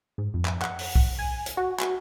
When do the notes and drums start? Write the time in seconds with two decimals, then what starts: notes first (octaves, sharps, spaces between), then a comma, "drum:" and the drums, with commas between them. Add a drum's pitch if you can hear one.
0.18 G#2
0.34 F2
0.45 drum: clap
0.62 F#5, drum: clap
0.79 drum: open hi-hat
0.95 drum: kick B1
1.19 G#5
1.46 drum: hi-hat
1.57 F#4
1.80 drum: clap